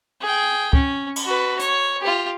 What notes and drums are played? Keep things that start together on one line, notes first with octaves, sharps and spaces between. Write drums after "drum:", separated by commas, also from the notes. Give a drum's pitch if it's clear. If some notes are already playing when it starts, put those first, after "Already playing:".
G#4 G5
C#4, drum: kick
drum: cymbal
F#4 B4
C#5, drum: hi-hat
F4 G4